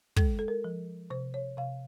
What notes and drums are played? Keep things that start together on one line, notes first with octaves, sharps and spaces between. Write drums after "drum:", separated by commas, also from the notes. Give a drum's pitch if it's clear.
G#3 A4, drum: kick
A4
A#4
F3
C3 C5
C#5
C3 F5